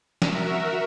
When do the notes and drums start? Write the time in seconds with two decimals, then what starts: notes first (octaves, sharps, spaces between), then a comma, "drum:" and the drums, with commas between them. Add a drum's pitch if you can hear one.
0.22 F#4 A#4 E5, drum: snare F3